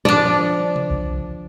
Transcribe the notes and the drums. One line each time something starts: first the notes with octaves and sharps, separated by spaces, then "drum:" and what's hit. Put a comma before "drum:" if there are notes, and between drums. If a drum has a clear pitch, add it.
F3 D4 D5
drum: tom C3
drum: kick B1